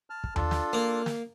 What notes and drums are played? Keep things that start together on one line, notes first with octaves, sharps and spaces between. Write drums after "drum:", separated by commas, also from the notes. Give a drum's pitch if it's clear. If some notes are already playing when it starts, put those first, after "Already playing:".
A5 F6
drum: kick
D4 F4 A4, drum: tom D#2
drum: snare
A#3
drum: snare